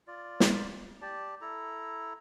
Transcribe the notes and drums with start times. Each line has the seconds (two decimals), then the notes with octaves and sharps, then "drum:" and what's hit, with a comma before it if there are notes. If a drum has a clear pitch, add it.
0.07 F4 D5
0.40 drum: snare
1.02 G4 D5 A5
1.41 E4 A4 A#5